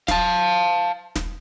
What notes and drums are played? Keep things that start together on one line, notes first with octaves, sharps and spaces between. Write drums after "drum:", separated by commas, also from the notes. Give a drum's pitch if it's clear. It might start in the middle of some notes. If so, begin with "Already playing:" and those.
F5 A5, drum: snare
drum: snare